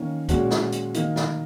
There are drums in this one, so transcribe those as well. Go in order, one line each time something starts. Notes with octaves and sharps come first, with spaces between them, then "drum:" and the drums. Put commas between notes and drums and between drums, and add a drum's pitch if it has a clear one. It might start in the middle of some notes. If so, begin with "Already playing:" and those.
Already playing: D#3 A#3 C#4
A#2 G#3 C#4 F#4, drum: kick, hi-hat
drum: snare
drum: hi-hat
D#3 A#3 D#4, drum: hi-hat
drum: snare